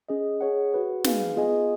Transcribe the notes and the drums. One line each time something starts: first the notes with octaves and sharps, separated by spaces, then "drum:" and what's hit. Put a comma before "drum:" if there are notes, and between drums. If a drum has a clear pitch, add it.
C#4 G#4 D#5
G#4 C#5 F#5
F#4 B4 F#5
D#4 G#4 B4 F5 G#5, drum: snare
B3 F4 G#4 D#5 G#5